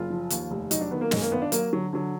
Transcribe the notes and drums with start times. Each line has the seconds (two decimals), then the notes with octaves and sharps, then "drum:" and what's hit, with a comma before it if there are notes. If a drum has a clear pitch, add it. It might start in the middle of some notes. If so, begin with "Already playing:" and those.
Already playing: F#1 F4
0.10 F3
0.30 D#2, drum: hi-hat
0.51 F1
0.71 F#3 D#4, drum: hi-hat
0.81 D4
0.91 D#3 B3
1.01 A#3
1.11 F#2 G#3, drum: snare
1.22 A#3
1.32 G#1 B3
1.42 D4
1.52 F#3 A#3, drum: hi-hat
1.72 D3 F#3
1.93 D3 F#3